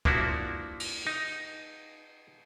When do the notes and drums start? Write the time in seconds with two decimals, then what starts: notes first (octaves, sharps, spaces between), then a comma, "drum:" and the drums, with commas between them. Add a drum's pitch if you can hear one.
0.05 F3 A#3 D4 E4 F#4, drum: kick
0.80 drum: cymbal
1.07 D#4